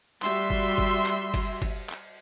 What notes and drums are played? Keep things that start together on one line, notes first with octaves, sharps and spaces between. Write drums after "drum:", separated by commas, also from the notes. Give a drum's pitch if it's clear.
G3 F#4 E5 C6, drum: clap
drum: kick G1
drum: kick G1
drum: clap
drum: kick G1, cymbal
drum: kick G1, cymbal
drum: clap